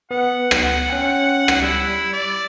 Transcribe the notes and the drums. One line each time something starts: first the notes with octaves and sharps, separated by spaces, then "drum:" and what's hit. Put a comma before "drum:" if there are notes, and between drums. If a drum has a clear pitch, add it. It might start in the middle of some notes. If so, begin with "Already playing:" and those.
B3 F#5
drum: rim click
C#4 G5
drum: rim click
G3 E4
D5